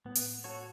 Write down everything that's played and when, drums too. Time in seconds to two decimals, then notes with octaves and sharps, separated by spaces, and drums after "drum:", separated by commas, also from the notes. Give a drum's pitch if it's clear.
0.05 A2 B3
0.15 drum: hi-hat
0.44 F#4 A4 C#5